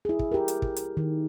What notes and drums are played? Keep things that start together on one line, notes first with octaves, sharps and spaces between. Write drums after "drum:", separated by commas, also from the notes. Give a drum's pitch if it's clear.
E4 G#4
drum: kick
G4 A#4
drum: hi-hat
drum: kick
drum: hi-hat
D#3